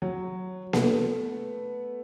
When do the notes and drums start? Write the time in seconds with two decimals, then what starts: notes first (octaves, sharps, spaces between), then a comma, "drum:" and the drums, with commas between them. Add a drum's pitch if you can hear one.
0.02 F#3
0.73 A3 B3, drum: snare A#3